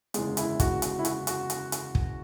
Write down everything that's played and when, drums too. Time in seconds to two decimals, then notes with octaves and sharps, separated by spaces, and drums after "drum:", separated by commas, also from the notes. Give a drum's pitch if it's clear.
0.14 F#1 E2 D3 G#3 G#4, drum: hi-hat
0.37 E4, drum: hi-hat
0.60 F#4, drum: kick, hi-hat
0.82 F#4, drum: hi-hat
0.99 E4
1.05 F#4, drum: hi-hat
1.27 F#4, drum: hi-hat
1.50 drum: hi-hat
1.72 drum: hi-hat
1.95 drum: kick